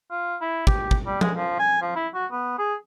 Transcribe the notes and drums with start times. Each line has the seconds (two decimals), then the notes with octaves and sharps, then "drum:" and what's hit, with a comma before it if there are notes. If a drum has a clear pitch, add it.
0.11 F4
0.41 E4
0.67 G4, drum: kick
0.91 drum: kick
1.07 G3
1.21 G#3, drum: tom F3
1.37 F3
1.59 G#5
1.82 F3
1.95 E4
2.14 F#4
2.32 B3
2.59 G#4